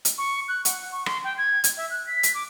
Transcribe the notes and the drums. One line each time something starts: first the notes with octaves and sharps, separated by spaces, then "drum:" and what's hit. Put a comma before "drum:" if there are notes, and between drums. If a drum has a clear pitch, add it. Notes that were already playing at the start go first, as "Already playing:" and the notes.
drum: hi-hat
C#6
F#6
F#5, drum: hi-hat
C#6
C6, drum: rim click
G5
G#6
drum: hi-hat
E5
F#6
B6
drum: hi-hat
D6